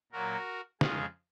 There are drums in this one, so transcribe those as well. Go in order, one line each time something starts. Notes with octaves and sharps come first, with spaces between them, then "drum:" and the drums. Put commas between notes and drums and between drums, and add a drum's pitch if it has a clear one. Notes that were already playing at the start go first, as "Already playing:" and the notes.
A#2 F#3 A#3 F#4 A#4
F2 C#3 G#3 F4 G#4, drum: snare